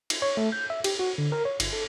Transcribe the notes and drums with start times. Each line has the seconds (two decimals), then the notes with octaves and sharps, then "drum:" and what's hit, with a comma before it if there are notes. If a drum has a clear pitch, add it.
0.10 drum: cymbal
0.22 C#5
0.37 A3
0.52 G6
0.70 E5
0.84 G4, drum: cymbal
0.99 F#4
1.18 D3
1.32 A#4
1.45 C#5
1.60 G1, drum: cymbal
1.73 A4